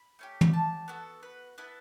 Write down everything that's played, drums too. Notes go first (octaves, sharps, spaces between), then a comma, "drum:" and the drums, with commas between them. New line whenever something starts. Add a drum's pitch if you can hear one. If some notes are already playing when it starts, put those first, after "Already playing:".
Already playing: B5
A3 C#4 G4
drum: tom
A5
B3 F#4 A4
B4
B3 E4 A4 B4